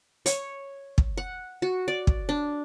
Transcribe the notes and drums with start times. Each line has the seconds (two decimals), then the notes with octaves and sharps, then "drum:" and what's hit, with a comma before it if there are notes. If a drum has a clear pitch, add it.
0.26 C#5, drum: hi-hat
0.98 drum: kick
1.17 F#5
1.62 F#4
1.88 D5
2.07 drum: kick
2.29 D4